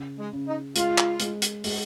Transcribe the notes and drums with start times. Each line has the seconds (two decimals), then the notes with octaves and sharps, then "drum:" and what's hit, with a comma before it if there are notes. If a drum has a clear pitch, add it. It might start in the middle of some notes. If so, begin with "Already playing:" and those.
Already playing: C#3
0.18 G#3
0.33 C#3
0.47 D#4
0.76 G#3 F4, drum: hi-hat
0.98 drum: clap
1.20 G#3, drum: hi-hat
1.42 drum: hi-hat
1.64 G#3, drum: open hi-hat